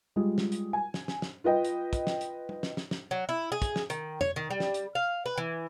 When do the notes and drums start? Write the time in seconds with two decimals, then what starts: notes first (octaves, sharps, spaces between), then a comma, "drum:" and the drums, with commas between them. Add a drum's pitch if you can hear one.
0.16 G3 G#3 F4
0.38 drum: snare
0.52 drum: hi-hat
0.73 G#5
0.94 drum: snare
1.08 drum: snare
1.22 drum: snare
1.44 F4 B4 D#5 G5
1.65 drum: hi-hat
1.93 drum: kick, hi-hat
2.07 drum: snare
2.21 drum: hi-hat
2.49 drum: tom
2.63 drum: snare
2.77 drum: snare
2.91 drum: snare
3.11 F#3
3.29 E4
3.52 G#4
3.62 drum: kick, hi-hat
3.76 drum: snare
3.90 D#3, drum: hi-hat
4.21 C#5, drum: tom F2
4.36 D#3
4.50 G3
4.60 drum: snare
4.74 drum: hi-hat
4.95 F5
5.26 B4
5.38 E3